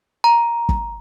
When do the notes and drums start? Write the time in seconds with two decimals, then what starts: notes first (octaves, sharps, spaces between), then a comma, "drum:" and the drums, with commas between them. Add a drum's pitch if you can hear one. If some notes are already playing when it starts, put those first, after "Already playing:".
0.24 A#5
0.69 drum: kick